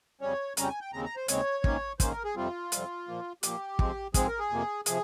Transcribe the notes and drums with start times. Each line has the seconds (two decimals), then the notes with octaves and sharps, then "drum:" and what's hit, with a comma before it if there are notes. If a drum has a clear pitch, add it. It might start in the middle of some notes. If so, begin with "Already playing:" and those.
0.21 F2 C#3 G3 C#4 C#5
0.57 F2 C#3 G3 C#4 A#5, drum: hi-hat
0.63 G5
0.69 G#5
0.81 G5
0.93 D#2 C#3 G#3 C4 A#5
1.05 A#5
1.16 C5
1.28 D#2 C#3 G#3 C4 C#5, drum: hi-hat
1.64 G#2 D#3 A#3 C#4, drum: kick
2.00 G#2 D#3 A#3 C#4 C5, drum: kick, hi-hat
2.12 A#4
2.24 G#4
2.36 F2 C3 G3 C4 F4
2.72 F2 C3 G3 C4, drum: hi-hat
3.08 A#2 F3 A#3
3.43 A#2 F3 A#3 G4, drum: hi-hat
3.79 G#2 F3 G#3 C4, drum: kick
4.14 G#2 F3 G#3 C4 G#4, drum: kick, hi-hat
4.27 A#4
4.39 G#4
4.50 F2 C3 F3 A#3
4.86 C3 F3 G#4, drum: hi-hat